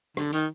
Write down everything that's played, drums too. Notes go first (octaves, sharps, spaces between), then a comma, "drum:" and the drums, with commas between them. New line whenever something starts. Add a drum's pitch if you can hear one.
D3, drum: rim click
D#3, drum: hi-hat